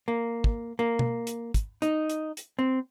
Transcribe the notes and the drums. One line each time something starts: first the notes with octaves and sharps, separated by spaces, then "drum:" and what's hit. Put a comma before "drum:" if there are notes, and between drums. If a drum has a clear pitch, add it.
A#3
drum: kick
A#3
drum: tom B2
drum: hi-hat
drum: kick, hi-hat
D#4, drum: hi-hat
drum: hi-hat
drum: hi-hat
C4